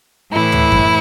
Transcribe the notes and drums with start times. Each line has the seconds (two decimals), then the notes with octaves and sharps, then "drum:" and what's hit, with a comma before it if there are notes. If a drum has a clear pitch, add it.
0.32 A2 E3 E4
0.52 drum: tom
0.72 drum: kick F#2